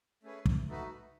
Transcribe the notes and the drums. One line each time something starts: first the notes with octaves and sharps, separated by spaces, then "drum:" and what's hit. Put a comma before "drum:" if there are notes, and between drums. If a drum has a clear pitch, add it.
A3 C#4 G#4 B4
drum: kick
A3 D#4 F#4 B4